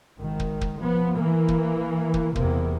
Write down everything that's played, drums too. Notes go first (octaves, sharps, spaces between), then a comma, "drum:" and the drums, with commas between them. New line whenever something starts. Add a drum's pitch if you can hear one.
G#1 D#3
drum: kick
drum: kick
F3 B3
E3 A#3
drum: kick
drum: kick
E2 C3 A#3, drum: kick